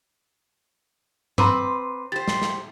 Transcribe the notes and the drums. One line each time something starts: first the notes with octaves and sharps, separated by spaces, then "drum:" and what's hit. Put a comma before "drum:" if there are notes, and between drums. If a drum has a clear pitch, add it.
C4 B4 A#5 C6 D6, drum: tom G2
G4 C5 A6
drum: snare
drum: snare